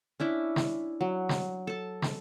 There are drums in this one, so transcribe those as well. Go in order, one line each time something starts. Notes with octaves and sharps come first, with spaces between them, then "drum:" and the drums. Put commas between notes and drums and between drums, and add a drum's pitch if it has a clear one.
C#4 D4 E4
drum: snare
F#3
drum: snare
A4 A5
drum: snare